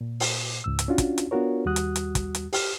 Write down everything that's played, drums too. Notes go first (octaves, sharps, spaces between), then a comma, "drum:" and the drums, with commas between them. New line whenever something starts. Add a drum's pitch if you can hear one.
A#2
drum: open hi-hat
C#2 G#2 E6
drum: hi-hat
C#4 D4 F4 F#4
drum: kick, hi-hat
drum: hi-hat
B3 D4 F4 F#4 A#4 C#5
D#2 G3 F#4 D#6 F#6
drum: hi-hat
drum: hi-hat
drum: kick, hi-hat
drum: hi-hat
G4 F6, drum: open hi-hat